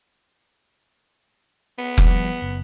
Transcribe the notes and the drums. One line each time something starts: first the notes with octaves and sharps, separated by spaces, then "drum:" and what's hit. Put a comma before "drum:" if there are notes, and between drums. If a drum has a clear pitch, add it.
B3
F3 G3, drum: kick F1
F#1